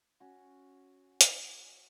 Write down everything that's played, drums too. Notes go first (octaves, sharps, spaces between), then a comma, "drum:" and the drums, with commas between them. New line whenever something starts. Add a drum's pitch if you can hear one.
C#4 F#4
drum: hi-hat